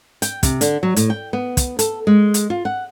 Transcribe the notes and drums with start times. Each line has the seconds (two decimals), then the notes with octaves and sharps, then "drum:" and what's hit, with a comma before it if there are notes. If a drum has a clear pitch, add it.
0.22 G5, drum: hi-hat
0.43 C3, drum: kick, hi-hat
0.61 D3, drum: hi-hat
0.83 F#3
0.96 A2, drum: hi-hat
1.10 G5
1.33 B3
1.57 drum: kick, hi-hat
1.79 A4, drum: hi-hat
2.07 G#3
2.34 drum: hi-hat
2.50 F4
2.65 F#5